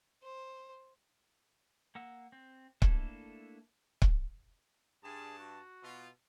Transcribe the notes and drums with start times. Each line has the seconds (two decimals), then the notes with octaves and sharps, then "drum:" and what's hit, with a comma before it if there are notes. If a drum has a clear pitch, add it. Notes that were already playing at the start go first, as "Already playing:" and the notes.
0.23 C5
1.95 A#3 F#5 E6
2.32 C4
2.82 A3 A#3 D4 E4 A4, drum: kick C#1
4.02 drum: kick C#1
5.04 G2 G#4 A5
5.39 F#4
5.83 B2 F4